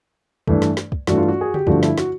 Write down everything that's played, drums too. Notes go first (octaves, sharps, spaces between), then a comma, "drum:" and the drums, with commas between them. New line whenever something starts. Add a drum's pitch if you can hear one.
G2 E3 A3, drum: kick
drum: snare
drum: snare
drum: kick
G2 E3 A3 F#4, drum: snare
F4
F#4
G#4
G4, drum: tom C#3
G2 D3 F3 A3 F#4, drum: kick
E4, drum: snare
F#4, drum: snare